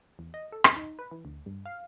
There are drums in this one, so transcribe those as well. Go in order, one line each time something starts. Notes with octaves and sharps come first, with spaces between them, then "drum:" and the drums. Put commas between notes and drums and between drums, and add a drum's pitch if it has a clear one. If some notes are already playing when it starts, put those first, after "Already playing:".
E2
D#5
A4
G#5, drum: rim click
D#4
B4
E3
D2
G2
F5